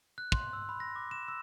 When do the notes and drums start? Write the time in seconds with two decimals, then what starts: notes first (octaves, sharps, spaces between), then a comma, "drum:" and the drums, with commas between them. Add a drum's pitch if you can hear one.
0.18 F#6
0.32 C6, drum: kick
0.53 E6
0.69 B5
0.80 A#6
0.96 D6
1.11 E7
1.28 E6